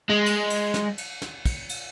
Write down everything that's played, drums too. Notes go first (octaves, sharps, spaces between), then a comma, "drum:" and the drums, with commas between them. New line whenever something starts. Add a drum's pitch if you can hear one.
G#3
drum: cymbal
drum: cymbal
drum: snare
drum: cymbal
drum: snare
drum: kick, cymbal
drum: cymbal